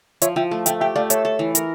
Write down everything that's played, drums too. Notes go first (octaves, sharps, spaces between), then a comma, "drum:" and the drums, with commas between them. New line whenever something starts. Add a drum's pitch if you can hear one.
F3 C#5 E5, drum: hi-hat
F3 E5 G5
A3
A3 E5 G5, drum: hi-hat
G4 E5 G5
A3 D5 F5
A4 C#5 E5, drum: hi-hat
A4
E3
A#4, drum: hi-hat